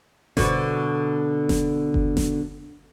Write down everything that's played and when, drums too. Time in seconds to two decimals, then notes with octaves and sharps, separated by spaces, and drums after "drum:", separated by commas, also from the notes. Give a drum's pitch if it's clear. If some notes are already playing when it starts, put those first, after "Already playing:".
0.37 B2 D3, drum: snare F#1
1.49 drum: snare F#1
1.94 drum: kick F#1
2.17 drum: snare F#1